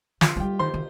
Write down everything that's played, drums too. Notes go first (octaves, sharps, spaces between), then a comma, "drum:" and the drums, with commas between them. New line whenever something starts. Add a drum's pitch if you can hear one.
F3 F4, drum: snare
F3
G3 G4 G5
D#3 C5 C6
D#3